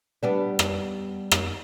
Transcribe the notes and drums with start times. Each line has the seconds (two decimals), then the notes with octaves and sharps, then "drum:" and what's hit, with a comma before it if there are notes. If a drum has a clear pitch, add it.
0.23 G3 B3 D4
0.59 drum: rim click
1.31 drum: rim click